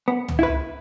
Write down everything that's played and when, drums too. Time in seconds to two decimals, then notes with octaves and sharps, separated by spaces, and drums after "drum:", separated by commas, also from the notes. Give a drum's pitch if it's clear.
0.08 B3
0.28 drum: tom C#2
0.39 E4 B4